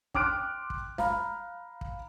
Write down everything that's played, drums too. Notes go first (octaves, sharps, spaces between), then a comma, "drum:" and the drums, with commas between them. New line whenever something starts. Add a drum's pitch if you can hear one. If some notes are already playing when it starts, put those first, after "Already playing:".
G5 C6 D6 F6 F#6 D7, drum: kick
drum: kick
F5 A#5 B5 F6, drum: snare
drum: kick